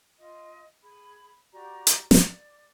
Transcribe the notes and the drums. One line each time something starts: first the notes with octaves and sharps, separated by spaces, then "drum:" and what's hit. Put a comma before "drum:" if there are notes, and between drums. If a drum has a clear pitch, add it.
F4 D#5
G#4 B5
F#4 G4 D5 A#5
drum: hi-hat
D5, drum: snare